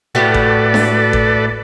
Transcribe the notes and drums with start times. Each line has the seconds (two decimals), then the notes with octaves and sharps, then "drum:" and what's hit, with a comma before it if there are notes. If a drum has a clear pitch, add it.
0.15 A2 F#4 G4 A4 B4 D5
0.34 drum: kick
0.74 drum: snare D4
1.13 drum: kick